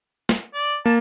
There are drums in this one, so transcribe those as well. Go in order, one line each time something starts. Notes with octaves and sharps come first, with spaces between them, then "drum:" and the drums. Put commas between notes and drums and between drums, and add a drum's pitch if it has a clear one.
drum: snare
D5
A#3 A5